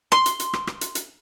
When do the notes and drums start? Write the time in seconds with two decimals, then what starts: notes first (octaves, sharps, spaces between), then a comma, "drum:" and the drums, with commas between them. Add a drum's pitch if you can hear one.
0.12 C6, drum: rim click
0.26 drum: hi-hat
0.40 drum: hi-hat
0.53 drum: rim click
0.67 drum: rim click
0.81 drum: hi-hat
0.95 drum: hi-hat